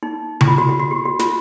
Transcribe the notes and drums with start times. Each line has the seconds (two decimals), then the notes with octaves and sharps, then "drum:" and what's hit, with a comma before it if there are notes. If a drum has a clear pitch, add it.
0.03 D#4
0.41 E4, drum: tom C#3
0.47 F4
0.58 F#4
0.69 F#4
0.80 F#4
0.91 G4
1.05 F#4
1.19 F4, drum: snare